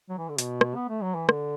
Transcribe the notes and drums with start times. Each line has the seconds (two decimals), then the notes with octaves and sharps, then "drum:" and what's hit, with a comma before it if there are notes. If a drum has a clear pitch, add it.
0.09 F#3
0.18 E3
0.29 D3
0.38 B2, drum: hi-hat
0.61 drum: rim click
0.76 B3
0.89 A3
1.03 F#3
1.15 E3
1.29 D3, drum: rim click